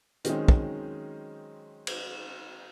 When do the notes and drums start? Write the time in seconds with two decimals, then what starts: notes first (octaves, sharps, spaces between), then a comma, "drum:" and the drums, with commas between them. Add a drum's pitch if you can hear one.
0.25 D#3 F#3 G#3 C4 C#4 D#4, drum: hi-hat
0.48 drum: kick
1.87 drum: cymbal